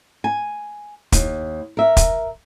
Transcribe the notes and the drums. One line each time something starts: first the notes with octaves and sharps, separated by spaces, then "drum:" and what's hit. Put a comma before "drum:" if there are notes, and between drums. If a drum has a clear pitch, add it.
G#5
D#2, drum: kick, hi-hat
A#4 E5
drum: kick, hi-hat